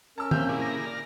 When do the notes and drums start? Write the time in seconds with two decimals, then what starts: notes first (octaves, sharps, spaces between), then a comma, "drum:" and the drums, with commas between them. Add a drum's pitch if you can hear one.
0.18 C#4 A#4 A5 E6
0.31 A#3 C4 C#4 G4 E5 F6 G6, drum: tom
0.49 A#2 E4 G#4 A#4 D6
0.62 A#6
0.86 D5 F6